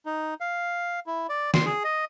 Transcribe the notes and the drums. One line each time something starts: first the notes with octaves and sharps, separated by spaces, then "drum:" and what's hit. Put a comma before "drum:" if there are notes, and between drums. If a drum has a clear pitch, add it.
D#4
F5
E4
D5
C6, drum: snare
G#4
D#5